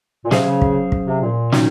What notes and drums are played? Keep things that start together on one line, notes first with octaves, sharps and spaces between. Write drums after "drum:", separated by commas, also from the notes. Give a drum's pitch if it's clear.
A#2
C3 F#3 C#4 G#4 C5 F5, drum: snare
C#3
drum: kick
drum: kick
C3
A#2
C3 D#3 F#3 C#4, drum: snare